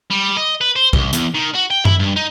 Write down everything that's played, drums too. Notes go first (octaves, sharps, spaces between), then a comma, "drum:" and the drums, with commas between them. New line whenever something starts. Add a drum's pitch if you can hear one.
G3
D#5
B4
C5
C2, drum: kick
E2, drum: hi-hat
D#3
F#4
G5
E4, drum: tom F#2
G2
D#4